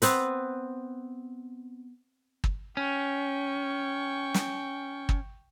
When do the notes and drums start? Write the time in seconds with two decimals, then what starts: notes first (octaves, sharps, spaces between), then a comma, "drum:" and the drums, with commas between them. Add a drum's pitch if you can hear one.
0.02 B3 C4 B4, drum: hi-hat
2.44 drum: kick
2.77 C#4 G5 C#6
4.34 drum: snare
5.09 drum: kick